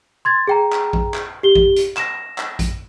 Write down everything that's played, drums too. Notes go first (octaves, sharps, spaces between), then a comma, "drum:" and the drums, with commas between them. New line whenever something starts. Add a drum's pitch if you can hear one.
C6 G#6 A6
G#4 G5 A#5
drum: clap
drum: kick A#1
drum: clap
G4 G7
drum: kick A#1
drum: hi-hat
A#6 E7, drum: clap
drum: clap
drum: kick A#1, hi-hat